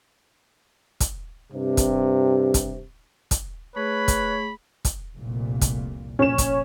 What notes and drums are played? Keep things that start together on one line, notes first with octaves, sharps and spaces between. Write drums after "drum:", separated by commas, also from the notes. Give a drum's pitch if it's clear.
drum: kick, hi-hat
G2 C3
drum: kick, hi-hat
drum: kick, hi-hat
drum: kick, hi-hat
A3 G#4 B4 C#5 B5
drum: kick, hi-hat
drum: kick, hi-hat
F1 C2 A#2
drum: kick, hi-hat
A#1 C#4 E7
drum: kick, hi-hat